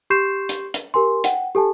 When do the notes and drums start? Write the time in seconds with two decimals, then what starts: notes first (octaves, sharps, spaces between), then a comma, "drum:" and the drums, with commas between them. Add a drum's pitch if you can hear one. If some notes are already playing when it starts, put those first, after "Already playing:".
0.10 G4 C6 C#6 G6 C7 E7
0.49 drum: hi-hat
0.74 drum: hi-hat
0.94 G4 A#4 G#5 C6
1.24 F#5 G5, drum: hi-hat
1.55 G4 A4 G#5 A5